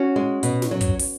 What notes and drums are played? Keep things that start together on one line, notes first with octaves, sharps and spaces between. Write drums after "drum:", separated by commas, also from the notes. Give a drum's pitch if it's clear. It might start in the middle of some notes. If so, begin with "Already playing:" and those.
Already playing: C#4 F#4
G#3
B2, drum: hi-hat
drum: snare
F#3
drum: kick, hi-hat
drum: open hi-hat